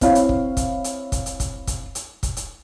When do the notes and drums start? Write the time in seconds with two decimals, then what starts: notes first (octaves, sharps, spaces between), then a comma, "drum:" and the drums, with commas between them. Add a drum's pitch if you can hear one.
0.01 C4 E4 C#5 F5, drum: kick, hi-hat
0.15 drum: hi-hat
0.29 drum: kick
0.57 drum: kick, hi-hat
0.84 drum: hi-hat
1.12 drum: kick, hi-hat
1.26 drum: hi-hat
1.40 drum: kick, hi-hat
1.67 drum: kick, hi-hat
1.95 drum: hi-hat
2.23 drum: kick, hi-hat
2.37 drum: hi-hat